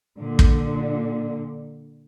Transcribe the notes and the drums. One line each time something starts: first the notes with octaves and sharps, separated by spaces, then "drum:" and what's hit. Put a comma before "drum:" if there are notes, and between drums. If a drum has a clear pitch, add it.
A#2 D3
drum: kick